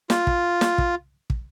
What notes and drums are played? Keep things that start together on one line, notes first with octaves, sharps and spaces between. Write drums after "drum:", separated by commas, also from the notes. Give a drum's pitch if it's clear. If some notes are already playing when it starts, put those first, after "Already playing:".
F4, drum: snare
drum: kick
drum: snare
drum: kick
drum: kick